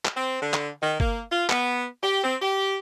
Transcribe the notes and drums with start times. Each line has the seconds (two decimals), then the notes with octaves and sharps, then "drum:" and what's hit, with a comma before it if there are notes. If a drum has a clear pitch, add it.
0.05 drum: clap
0.16 C4
0.42 D3
0.53 drum: clap
0.81 D#3
1.00 A#3, drum: kick G1
1.31 F4
1.49 B3, drum: clap
2.03 G4
2.23 C4
2.41 G4